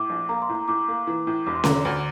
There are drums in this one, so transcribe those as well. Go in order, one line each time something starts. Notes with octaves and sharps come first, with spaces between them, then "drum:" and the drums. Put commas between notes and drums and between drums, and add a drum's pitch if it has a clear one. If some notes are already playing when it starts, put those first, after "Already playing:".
Already playing: A2 D6
A#1
A#3 A#5
C6
A2
A#5
A2 D6
A#3
E3
A2
E1 D6
C6
D3 A#5, drum: snare C#4
C6
D2